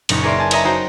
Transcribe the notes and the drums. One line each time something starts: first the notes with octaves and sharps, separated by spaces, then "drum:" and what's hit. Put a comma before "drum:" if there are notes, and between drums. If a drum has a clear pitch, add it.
F#1 A#2 D#4 C#6, drum: cymbal
G#4 A#4 B4 D5 E5 C6
G#5 A5
B4 C#5 D#5 E5 A#5, drum: cymbal
D#4 F#4 C5 G5 A#5